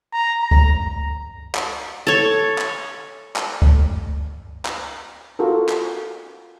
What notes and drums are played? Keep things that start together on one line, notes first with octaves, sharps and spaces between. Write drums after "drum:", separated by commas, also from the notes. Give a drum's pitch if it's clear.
A#5
A#5
drum: kick C#2
drum: clap
A4 C#5
drum: clap
drum: clap
drum: kick C#2
drum: clap
F4 F#4 A4 A#4
drum: clap